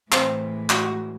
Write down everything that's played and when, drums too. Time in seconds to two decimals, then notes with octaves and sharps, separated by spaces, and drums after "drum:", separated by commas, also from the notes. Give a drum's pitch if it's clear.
0.12 A2 E3 G#3 C4 C5, drum: clap
0.70 F#4, drum: clap